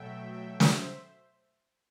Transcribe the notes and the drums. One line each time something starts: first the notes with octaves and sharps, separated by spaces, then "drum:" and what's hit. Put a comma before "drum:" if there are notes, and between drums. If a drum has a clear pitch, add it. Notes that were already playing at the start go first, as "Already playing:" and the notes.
Already playing: B2 F#3 A3 E5 G5
E5 G5
C5 E5, drum: snare